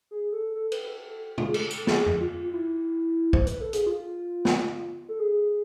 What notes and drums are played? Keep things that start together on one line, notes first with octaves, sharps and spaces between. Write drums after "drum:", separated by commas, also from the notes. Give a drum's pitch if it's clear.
G#4
A4
A4
B4, drum: cymbal
B4
A4
A4
F4, drum: tom B2
G#4
A4, drum: cymbal
A4, drum: tambourine
G#4, drum: snare
drum: tom F2
F4
F4
E4
C5, drum: kick
B4, drum: hi-hat
A4
G#4, drum: hi-hat
F4
drum: snare
A4
G#4